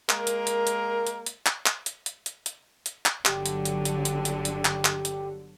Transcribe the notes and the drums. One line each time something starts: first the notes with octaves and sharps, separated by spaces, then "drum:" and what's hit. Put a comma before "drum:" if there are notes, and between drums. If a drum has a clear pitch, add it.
G#3 A#3 A#4, drum: clap
drum: hi-hat
drum: hi-hat
drum: hi-hat
drum: hi-hat
drum: hi-hat
drum: clap
drum: clap
drum: hi-hat
drum: hi-hat
drum: hi-hat
drum: hi-hat
drum: hi-hat
drum: clap
G1 D3 F#3 G4, drum: clap
drum: hi-hat
drum: hi-hat
drum: hi-hat
drum: hi-hat
drum: hi-hat
drum: hi-hat
drum: clap
drum: clap
drum: hi-hat